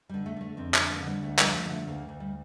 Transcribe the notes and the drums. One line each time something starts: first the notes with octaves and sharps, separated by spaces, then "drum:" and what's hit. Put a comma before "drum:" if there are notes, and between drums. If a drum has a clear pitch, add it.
D3 G3
A3
D3 A3
F2 C4
D3 D4, drum: clap
A#3
D3
G3
D2 A3
G3, drum: clap
F3
A3
D3
A3
D2 A#3
D2
G3